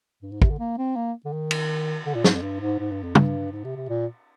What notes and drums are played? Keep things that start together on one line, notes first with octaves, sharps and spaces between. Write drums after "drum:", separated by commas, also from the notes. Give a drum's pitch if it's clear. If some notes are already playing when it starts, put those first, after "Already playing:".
G2
G#2
C3, drum: kick
D3
A#3
C4
A#3
D3
D#3
drum: cymbal
D3
A#2
G#2, drum: snare
F2
G2
G#2
G#2
G2
F2
G2, drum: tom
G#2
C3
C3
A#2